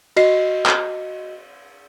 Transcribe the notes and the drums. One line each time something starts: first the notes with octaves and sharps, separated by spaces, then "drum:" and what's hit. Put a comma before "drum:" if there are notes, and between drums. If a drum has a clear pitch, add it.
F#4 D#5 C7, drum: cymbal
drum: clap